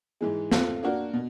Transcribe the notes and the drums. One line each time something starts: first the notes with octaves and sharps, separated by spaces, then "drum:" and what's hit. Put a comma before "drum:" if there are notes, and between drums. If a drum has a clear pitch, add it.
G#2 E3 G#3
A3 C4 F4, drum: snare
A#3 D4 F#4 A#4
B2